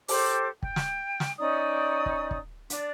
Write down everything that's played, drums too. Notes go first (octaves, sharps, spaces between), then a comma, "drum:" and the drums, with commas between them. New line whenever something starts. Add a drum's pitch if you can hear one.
G4 A4 C5 D6, drum: open hi-hat
G5, drum: kick
drum: snare
drum: snare
C#4 D#4 D5 D#6
drum: kick
drum: kick
D4 D5, drum: hi-hat